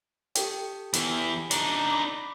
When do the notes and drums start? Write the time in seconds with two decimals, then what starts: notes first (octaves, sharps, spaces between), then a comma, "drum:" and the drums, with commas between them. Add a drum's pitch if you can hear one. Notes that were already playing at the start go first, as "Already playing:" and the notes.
0.35 G4 A4 G5, drum: hi-hat
0.93 E2 E3, drum: hi-hat
1.51 D4 D#4, drum: hi-hat
1.90 B5 D6